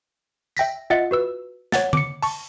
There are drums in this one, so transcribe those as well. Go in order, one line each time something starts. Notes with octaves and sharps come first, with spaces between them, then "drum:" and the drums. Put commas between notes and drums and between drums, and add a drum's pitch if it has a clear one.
E5 G5 A#6 B6, drum: tambourine
F4 D#5 E5 F#5 A6 C#7
F#4 B4 E6
C#5 F#5 A6, drum: snare
D6 C#7, drum: tom D3
A5 C#6, drum: open hi-hat